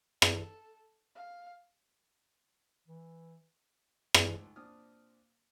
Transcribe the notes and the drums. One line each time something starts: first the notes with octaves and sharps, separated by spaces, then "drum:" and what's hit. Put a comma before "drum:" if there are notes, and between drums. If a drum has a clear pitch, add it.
A4, drum: rim click
F5
E3
C#2 G#2 D#3 F3 A3, drum: rim click
A#2 C4 D4 D#6 F6